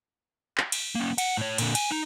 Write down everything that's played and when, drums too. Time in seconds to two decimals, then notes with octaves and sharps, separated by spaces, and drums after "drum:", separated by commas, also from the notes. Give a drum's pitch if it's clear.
0.58 drum: clap
0.72 drum: cymbal
0.95 A#3 C#4
1.18 F#5, drum: cymbal
1.37 A2 C#5
1.58 A#2 D3, drum: cymbal
1.75 G#5, drum: cymbal
1.91 D#4